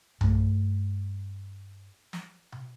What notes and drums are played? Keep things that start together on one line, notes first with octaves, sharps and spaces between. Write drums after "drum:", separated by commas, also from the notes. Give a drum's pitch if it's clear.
G2 A3, drum: tom B1
drum: snare
drum: tom B2